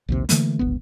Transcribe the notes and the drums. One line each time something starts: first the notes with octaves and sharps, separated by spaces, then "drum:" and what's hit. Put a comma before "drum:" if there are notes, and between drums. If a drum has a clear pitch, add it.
A#1 D#2 C3
D3 E3 A3 A#3, drum: hi-hat
D#1 G#1 D2 B3